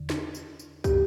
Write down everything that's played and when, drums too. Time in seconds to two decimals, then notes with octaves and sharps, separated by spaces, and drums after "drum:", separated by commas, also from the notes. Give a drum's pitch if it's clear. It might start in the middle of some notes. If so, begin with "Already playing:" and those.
Already playing: E2 D3
0.10 drum: snare
0.35 drum: tambourine
0.59 drum: tambourine
0.84 G4, drum: kick, tambourine